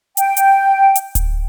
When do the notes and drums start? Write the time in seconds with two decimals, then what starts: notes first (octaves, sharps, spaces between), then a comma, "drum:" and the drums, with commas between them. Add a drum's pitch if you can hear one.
0.17 G5, drum: hi-hat
0.37 drum: hi-hat
0.95 drum: hi-hat
1.15 drum: kick D1, hi-hat